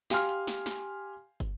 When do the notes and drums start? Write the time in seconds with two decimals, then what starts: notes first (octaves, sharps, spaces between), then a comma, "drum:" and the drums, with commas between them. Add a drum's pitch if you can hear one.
0.10 G4 F5 G#5 C6 F6, drum: snare
0.29 drum: hi-hat
0.47 drum: snare
0.66 drum: snare
1.40 drum: kick, hi-hat